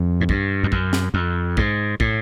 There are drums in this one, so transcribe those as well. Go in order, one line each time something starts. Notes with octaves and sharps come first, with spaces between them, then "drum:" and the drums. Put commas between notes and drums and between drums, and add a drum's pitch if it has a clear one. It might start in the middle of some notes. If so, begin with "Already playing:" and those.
Already playing: F2
G#2
G2, drum: kick
F2
F#2, drum: kick
drum: snare
F2
G#2, drum: kick
A2, drum: kick